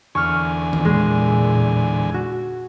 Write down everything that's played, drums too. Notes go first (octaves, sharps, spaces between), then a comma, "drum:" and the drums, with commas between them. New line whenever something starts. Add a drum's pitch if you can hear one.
E2 D3 G#5 C#6 F6
drum: tom D3
A#2 G#3 G#4
F#4